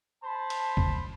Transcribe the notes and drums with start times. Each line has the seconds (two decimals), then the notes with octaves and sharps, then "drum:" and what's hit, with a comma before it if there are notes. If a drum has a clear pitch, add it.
0.23 C5 A5 B5
0.50 drum: cymbal
0.77 drum: kick G1